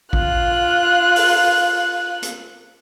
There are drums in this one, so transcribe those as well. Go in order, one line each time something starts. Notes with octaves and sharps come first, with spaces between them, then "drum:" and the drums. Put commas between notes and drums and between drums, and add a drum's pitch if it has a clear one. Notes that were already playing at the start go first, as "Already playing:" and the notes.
F4 F#6, drum: kick A1
drum: open hi-hat
drum: hi-hat